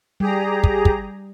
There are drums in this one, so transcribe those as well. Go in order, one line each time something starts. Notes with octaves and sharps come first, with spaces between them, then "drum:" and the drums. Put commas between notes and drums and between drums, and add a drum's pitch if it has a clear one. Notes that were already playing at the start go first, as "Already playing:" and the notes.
G3 G4 G#4 A#5
drum: kick
drum: kick